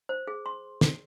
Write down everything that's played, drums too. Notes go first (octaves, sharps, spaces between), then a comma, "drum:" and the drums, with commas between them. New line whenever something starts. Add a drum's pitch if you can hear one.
C5
G#4
C6
drum: snare